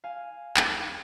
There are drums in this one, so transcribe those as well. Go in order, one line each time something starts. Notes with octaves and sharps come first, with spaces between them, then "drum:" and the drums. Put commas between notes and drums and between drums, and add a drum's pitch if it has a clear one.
F5 G#5
drum: clap